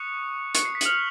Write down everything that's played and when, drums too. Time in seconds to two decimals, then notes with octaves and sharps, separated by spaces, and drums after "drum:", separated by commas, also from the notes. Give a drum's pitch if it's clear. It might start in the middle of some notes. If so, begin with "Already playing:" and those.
Already playing: C#6 D#6 F#6 C#7
0.55 C#6 F#6 C#7, drum: hi-hat
0.65 C7
0.75 B6
0.81 F#7, drum: hi-hat
0.85 F6 F7